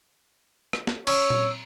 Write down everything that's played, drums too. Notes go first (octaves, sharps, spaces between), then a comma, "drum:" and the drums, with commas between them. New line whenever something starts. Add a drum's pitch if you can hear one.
drum: rim click
drum: snare
C#4 C#5 E6, drum: cymbal
drum: tom A#2